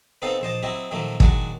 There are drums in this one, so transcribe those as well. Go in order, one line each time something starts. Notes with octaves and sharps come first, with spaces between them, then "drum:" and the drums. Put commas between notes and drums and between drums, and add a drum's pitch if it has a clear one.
B3 C4 D#4 A4 C5 F5
A#1 C5 D#5 A5
F#3 C4 E4 G4 D#5
A#2 D#3 F3 F#3 A3 A#3
A#2 D#3 F#3 G#3 D4 F#4, drum: kick